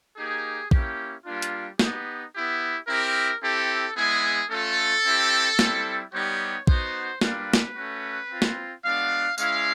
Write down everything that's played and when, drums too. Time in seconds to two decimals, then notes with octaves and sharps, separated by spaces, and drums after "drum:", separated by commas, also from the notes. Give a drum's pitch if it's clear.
0.17 A#3 D#4 G4 G#4
0.71 A#3 C#4 E4 G4, drum: kick
1.26 G3 A#3 D4 F4
1.42 drum: hi-hat
1.79 B3 D#4 G4, drum: snare
2.34 B3 E4 G4
2.88 C4 E4 G4 A#4
3.42 C4 E4 G4 A4
3.96 G#3 B3 E4 G#4
4.50 A3 C#4 F4 A4
5.05 C4 E4 G4
5.59 G3 C4 E4, drum: snare
6.13 G3 B3 D#4 G4 C#5
6.67 B3 D#4 F#4 C5, drum: kick
7.21 G3 A#3 D4 F4 B4, drum: snare
7.53 drum: snare
7.76 A3 C#4 F#4
8.30 C4 F4
8.42 drum: snare
8.84 G#3 B3 D4 F#4 F5
9.38 G#3 C#4 E4 F5, drum: tambourine